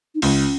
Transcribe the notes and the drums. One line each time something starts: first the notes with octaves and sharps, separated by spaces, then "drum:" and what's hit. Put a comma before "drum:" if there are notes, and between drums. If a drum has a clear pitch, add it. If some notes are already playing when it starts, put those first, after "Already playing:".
D#4
C#2 C#4, drum: open hi-hat